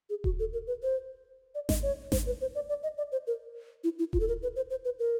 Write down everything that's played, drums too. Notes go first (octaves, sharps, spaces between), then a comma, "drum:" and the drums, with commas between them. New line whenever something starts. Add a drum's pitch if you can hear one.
G#4
F#4, drum: kick D#1
A4
A#4
B4
C5
D5
D#5, drum: snare G#1
C#5
C5, drum: snare G#1
B4
C5
D5
D5
D#5
D5
C5
A#4
E4
E4
F4, drum: kick D#1
A4
A#4
B4
C5
C5
B4
A#4